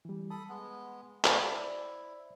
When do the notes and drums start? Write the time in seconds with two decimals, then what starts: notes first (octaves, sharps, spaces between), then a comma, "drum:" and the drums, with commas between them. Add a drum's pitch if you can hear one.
0.05 E3 G3
0.30 A4 A5 B5 D#6
0.49 G#3 B3
1.24 E4 C5 D5 E5 B5, drum: clap